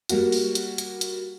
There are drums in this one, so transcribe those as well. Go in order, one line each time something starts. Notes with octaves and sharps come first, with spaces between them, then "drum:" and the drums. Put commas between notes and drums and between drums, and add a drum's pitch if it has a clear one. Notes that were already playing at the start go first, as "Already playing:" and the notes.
G3 A#3 F#4, drum: hi-hat
drum: open hi-hat
drum: hi-hat
drum: hi-hat
drum: hi-hat